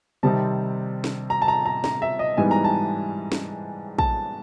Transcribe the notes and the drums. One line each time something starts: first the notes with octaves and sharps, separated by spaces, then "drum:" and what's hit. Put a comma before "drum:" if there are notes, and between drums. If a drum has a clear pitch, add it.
C3 D#3 G3 C4 D#4 A5
drum: snare
A#5
A5
A#5
A#5
A#5, drum: snare
E5
D#5
G#2 E3 G3 B3 G#5
A#5
A5
drum: snare
A5, drum: kick